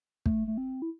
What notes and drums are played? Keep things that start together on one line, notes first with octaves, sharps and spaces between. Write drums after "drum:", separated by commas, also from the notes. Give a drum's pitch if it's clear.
A3, drum: kick
A3
C4
E4